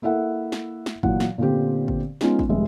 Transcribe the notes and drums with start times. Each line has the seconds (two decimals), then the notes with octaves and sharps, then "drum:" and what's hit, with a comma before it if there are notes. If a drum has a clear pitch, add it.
0.02 A#3 E4 A4 E5 F#5
0.52 drum: snare
0.86 drum: snare
1.03 A#2 E3 F#3 F#5, drum: kick
1.20 drum: snare
1.38 A#2 D3 B3 C4 G4
1.88 drum: kick
2.21 G#3 B3 C#4 D#4 F4, drum: snare
2.39 drum: kick
2.49 F1 G3 G#3 E5